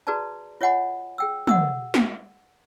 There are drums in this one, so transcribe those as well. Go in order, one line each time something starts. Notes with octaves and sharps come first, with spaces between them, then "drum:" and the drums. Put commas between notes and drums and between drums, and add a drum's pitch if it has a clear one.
F#4 G#4 B4 D5 A5 A#5
F4 C#5 D#5 F#5 G#5 B5
G#4 G5 E6
F#5 D#6 E6, drum: tom
drum: snare A3